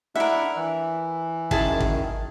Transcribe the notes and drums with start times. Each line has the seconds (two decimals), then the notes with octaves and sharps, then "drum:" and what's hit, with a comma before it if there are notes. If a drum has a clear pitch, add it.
0.16 D4 E4 A#4 E5 F#5
0.56 E3
1.51 F#2 D#3 E4 G#4 A5, drum: kick
1.80 drum: kick